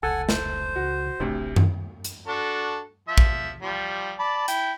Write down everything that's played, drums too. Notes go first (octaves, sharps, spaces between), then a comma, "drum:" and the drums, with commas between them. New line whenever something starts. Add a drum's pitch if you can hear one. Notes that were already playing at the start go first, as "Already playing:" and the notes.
F1 C#2 A4 F#5 G#5
C5, drum: snare
C#2 F#4
D1 A1 D2 C3 D4
drum: tom F#2
drum: hi-hat
D4 F#4 A4
F3 E5
drum: kick
F3 G3
D5 A5 B5
E4 G5, drum: hi-hat